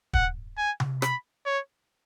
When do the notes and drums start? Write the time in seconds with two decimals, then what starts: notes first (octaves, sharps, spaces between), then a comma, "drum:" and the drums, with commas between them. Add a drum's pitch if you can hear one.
0.13 F#5, drum: kick
0.58 G#5
0.80 drum: tom C3
1.02 B5, drum: rim click
1.46 C#5